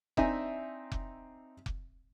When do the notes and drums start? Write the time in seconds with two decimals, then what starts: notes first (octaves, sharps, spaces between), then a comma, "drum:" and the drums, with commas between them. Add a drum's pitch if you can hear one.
0.17 C4 D4 D#4 E5 G#5, drum: kick F1
0.92 drum: kick F1
1.66 drum: kick F1